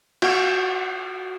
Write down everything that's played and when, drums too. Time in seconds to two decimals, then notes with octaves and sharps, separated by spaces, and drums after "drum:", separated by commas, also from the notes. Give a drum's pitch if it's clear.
0.22 F#4, drum: cymbal